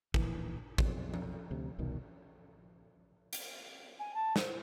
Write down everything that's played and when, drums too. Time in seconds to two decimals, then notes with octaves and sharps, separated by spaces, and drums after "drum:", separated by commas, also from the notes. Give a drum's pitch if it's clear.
0.14 D1 A#1 E3, drum: kick
0.78 B1 F2, drum: kick
1.14 drum: tom F3
1.51 D2 C3
1.78 E1 C2 B2 D#3
3.33 drum: hi-hat
3.99 G#5
4.14 A5
4.36 C5, drum: snare